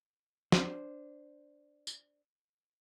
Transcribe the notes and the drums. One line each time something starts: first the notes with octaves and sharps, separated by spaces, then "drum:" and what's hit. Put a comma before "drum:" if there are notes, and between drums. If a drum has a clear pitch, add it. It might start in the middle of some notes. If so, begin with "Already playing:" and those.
D4 C5, drum: snare
drum: tambourine